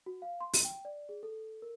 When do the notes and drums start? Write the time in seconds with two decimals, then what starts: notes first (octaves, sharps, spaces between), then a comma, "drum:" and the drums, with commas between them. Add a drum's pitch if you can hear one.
0.06 F#4
0.22 F5
0.41 C6
0.53 drum: open hi-hat
0.64 G5
0.85 D5
1.09 G#4
1.23 A4
1.62 A#4